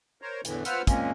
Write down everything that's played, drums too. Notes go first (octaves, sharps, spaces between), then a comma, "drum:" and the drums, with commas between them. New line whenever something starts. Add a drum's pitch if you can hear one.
A#4 C5 C#5
E2 A2 D3 E3, drum: hi-hat
F4 B4 C5 F#5 E6 F6, drum: hi-hat
A#2 G#3 A#3 C4 C#4, drum: kick, hi-hat